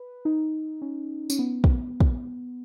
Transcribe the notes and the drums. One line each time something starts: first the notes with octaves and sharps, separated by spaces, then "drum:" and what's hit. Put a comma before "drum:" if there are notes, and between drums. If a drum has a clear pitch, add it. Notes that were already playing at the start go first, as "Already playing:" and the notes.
Already playing: B4
D#4
C#4
C#4, drum: tambourine
B3
drum: kick
drum: kick